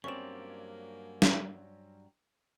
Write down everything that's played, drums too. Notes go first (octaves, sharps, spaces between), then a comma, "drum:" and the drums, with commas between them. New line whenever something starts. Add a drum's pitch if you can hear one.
G2 F#3 A#3 C4 C#4 D5 C#6 E7
drum: snare